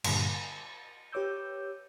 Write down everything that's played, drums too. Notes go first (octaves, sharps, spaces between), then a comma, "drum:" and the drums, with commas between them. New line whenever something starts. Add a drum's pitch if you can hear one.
G2 A#2 D3 G3, drum: cymbal
A6
G4 B4 C#5 D6 E6 G6